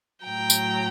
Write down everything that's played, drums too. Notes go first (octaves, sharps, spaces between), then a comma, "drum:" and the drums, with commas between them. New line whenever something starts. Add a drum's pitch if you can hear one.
A2 F#3 G5 A#5
drum: tambourine